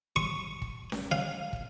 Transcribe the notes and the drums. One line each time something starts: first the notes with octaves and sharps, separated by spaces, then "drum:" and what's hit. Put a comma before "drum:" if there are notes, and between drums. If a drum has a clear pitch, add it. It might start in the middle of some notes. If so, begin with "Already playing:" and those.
C#6, drum: kick
drum: kick
drum: snare C#4
F5
drum: kick